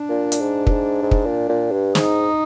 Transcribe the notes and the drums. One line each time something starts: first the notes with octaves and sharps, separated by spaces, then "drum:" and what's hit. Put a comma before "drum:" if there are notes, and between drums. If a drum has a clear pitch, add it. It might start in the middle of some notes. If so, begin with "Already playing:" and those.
Already playing: D4
A#2
drum: hi-hat
G#2
G2, drum: kick
G#2
G#2
drum: kick
A#2
A#2
G2
G#2 D#4, drum: snare